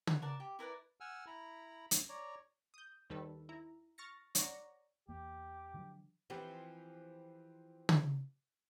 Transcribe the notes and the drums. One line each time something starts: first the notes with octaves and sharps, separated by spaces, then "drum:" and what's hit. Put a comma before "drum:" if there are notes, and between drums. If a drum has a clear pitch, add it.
C#5 F#5, drum: tom
A#4 D5 F#5 A5
G4
E4 A#4 B4 D5
F#5 G#5 E6 F6
E4 A#5 B5
drum: hi-hat
C#5 D5 A#5
D#6 G6
D#2 D#3 G3 A4 B4
E4 A#5
C#6 F6 A6 A#6 C#7
C#5 D5 F#5 A#5 C#6 D6, drum: hi-hat
E2 A#3 G4
D3 F3 F#3
E3 F3 C4 G4 B4
drum: tom